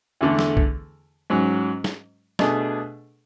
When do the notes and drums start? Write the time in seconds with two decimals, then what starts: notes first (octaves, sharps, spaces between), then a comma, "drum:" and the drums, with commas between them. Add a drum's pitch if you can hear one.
0.21 E2 D3 A3
0.39 drum: snare
0.57 drum: kick B1
1.30 G#2 F#3 C#4
1.84 drum: snare
2.39 B2 A3 D4 G#4, drum: snare